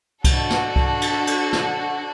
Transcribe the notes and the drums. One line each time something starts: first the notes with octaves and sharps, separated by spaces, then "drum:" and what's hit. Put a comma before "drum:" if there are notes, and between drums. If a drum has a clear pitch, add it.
D4 F#4 A4, drum: kick C2, cymbal
drum: snare
drum: kick C2
drum: cymbal
drum: cymbal
drum: snare